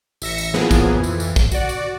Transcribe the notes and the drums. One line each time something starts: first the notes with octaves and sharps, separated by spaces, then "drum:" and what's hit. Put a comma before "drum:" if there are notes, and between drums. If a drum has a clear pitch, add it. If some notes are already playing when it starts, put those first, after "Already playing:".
A1 E5 A#6 C#7, drum: tambourine
drum: tambourine
A2 E3 F3 A#3 B3 G#4, drum: snare
drum: kick, tambourine
F2 E3
drum: tambourine
drum: tambourine
drum: kick, tambourine
F#4 D5, drum: tambourine
drum: tambourine